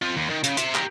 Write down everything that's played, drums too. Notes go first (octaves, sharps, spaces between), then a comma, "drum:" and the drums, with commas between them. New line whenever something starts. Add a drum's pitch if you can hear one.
C4 F4
D#2
D#3
C#3, drum: hi-hat
C5 E5, drum: hi-hat
G4 A#4, drum: clap